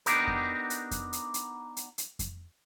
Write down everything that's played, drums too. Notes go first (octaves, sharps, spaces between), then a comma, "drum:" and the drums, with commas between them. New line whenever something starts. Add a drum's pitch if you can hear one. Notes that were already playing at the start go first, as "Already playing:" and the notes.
B3 D4 D#4 F#4 G4 A#4, drum: hi-hat
drum: kick F2
drum: hi-hat
drum: kick F2, hi-hat
drum: hi-hat
drum: hi-hat
drum: hi-hat
drum: hi-hat
drum: kick F2, hi-hat